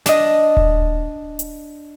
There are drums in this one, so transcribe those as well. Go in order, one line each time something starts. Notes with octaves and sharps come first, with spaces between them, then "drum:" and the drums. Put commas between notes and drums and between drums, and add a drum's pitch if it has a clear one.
D4 D#5, drum: snare
drum: kick D#1
drum: hi-hat